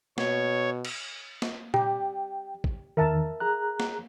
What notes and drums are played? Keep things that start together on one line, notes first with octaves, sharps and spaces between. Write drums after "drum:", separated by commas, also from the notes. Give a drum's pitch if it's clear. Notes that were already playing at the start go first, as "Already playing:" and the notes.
B2 C#5, drum: snare
drum: cymbal
drum: snare
G4 G5, drum: tom A#2
drum: kick
E2 D#3 A#4 E5 A5
G#4 A#5 F#6
drum: snare